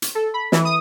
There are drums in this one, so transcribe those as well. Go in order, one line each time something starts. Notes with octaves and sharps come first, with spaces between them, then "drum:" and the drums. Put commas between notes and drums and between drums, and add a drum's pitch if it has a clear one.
drum: hi-hat
A4
B5
E3, drum: snare
D#6